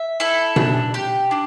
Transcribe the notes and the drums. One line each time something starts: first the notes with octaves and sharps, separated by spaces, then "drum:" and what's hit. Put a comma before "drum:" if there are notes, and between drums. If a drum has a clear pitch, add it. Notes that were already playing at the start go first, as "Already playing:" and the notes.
Already playing: E5
E4 A4
D4, drum: tom B2
G4
D4